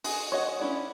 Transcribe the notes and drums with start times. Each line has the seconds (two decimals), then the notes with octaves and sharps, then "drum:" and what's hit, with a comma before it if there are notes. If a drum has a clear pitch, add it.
0.04 F#4 G#4, drum: open hi-hat
0.32 C#5 D#5 F#5
0.60 C#4 E4 D5